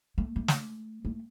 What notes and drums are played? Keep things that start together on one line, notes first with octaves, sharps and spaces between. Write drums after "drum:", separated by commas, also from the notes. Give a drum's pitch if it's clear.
A3
A3
drum: snare
A3